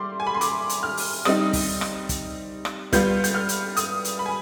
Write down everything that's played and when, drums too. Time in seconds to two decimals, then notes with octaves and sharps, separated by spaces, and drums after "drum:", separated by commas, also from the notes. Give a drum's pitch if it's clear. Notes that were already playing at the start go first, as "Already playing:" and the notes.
Already playing: G3 C6 D6
0.20 G#5
0.27 B5
0.34 C6
0.41 D6, drum: hi-hat
0.69 drum: hi-hat
0.83 F6
0.97 drum: open hi-hat
1.25 G3 C4 D#4 D#6, drum: rim click
1.53 drum: kick, open hi-hat
1.81 drum: rim click
2.09 drum: kick, hi-hat
2.65 drum: rim click
2.93 G3 B3 F4 G6, drum: kick, hi-hat
3.24 G6, drum: hi-hat
3.34 F6
3.49 drum: hi-hat
3.77 D#6, drum: hi-hat
4.05 drum: hi-hat
4.19 B5
4.26 G#5